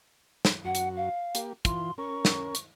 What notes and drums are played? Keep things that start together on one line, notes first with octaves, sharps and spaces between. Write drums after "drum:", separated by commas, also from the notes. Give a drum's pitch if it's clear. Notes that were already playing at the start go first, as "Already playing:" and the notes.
drum: snare
F#2 F#4 F#5
drum: hi-hat
F5
A#3 G4, drum: hi-hat
E3 F4 C6, drum: kick, hi-hat
C#4 A#4 C#6
drum: snare
drum: hi-hat